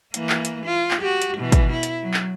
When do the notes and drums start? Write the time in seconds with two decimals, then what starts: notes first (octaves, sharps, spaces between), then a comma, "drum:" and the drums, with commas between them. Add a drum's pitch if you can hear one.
0.14 E3 A#3, drum: hi-hat
0.29 drum: clap
0.45 drum: hi-hat
0.66 F4
0.91 drum: clap
1.01 F#4 G4
1.22 drum: hi-hat
1.37 B2 E3
1.52 drum: kick, hi-hat
1.72 E4
1.83 drum: hi-hat
2.02 F#3
2.14 drum: clap